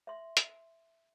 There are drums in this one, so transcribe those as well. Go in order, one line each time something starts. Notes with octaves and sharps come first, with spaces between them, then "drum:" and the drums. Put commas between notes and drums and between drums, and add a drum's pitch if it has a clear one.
E5 C6
drum: hi-hat